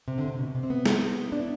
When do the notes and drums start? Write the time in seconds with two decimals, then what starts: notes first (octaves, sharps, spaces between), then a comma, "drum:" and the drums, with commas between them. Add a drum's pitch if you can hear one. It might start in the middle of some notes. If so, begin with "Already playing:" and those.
0.08 C3
0.18 D3
0.28 C3
0.39 B2
0.55 C3
0.63 C4
0.70 B3
0.86 drum: snare
1.32 D4
1.40 E4